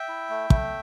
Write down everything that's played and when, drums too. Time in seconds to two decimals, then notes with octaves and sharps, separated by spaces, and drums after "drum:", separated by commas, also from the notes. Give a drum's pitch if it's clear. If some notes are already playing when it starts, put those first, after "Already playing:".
Already playing: E5 G5
0.09 E4
0.29 A3
0.50 A3, drum: kick